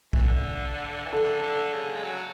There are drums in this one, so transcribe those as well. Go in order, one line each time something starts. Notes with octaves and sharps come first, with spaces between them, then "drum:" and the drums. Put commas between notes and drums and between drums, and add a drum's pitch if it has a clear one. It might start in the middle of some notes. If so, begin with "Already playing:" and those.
E3, drum: kick B1
D3
E3
D3 A4
D3
C#3
G#3
F#3